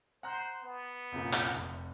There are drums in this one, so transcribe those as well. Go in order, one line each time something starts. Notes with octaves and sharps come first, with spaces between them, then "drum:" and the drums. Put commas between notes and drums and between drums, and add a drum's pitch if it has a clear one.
C5 F#5 A#5 F#6
B3
C2 F#2 A#2
drum: clap
F1